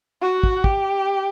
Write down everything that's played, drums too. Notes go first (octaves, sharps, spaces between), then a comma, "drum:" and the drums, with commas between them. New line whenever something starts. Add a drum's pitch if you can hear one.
F#4
drum: kick
G4, drum: kick